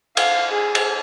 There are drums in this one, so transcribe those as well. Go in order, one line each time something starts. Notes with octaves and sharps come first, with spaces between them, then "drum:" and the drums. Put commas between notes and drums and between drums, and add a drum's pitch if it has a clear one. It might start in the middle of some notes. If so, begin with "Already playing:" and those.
F5, drum: cymbal
G#4
drum: cymbal